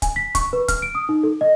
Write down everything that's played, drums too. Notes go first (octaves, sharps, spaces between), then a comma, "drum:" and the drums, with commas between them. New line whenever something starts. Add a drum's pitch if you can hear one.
G#5, drum: kick, hi-hat
B6
C#6, drum: kick, hi-hat
B4
F6, drum: kick, hi-hat
D7
D#6
D#4
A4
D#5